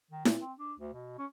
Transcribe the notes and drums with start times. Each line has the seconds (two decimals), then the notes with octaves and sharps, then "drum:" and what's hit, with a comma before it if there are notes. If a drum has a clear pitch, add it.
0.11 D#3
0.25 A#2, drum: snare E4
0.41 C4
0.59 D4
0.79 D2
0.94 B2
1.19 C#4